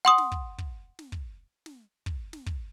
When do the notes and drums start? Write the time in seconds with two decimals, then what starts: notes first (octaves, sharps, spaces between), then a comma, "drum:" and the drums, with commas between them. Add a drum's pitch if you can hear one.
0.05 F#5 C6 D#6
0.18 drum: snare
0.32 drum: kick
0.58 drum: kick
0.99 drum: snare
1.12 drum: kick
1.66 drum: snare
2.06 drum: kick
2.33 drum: snare
2.46 drum: kick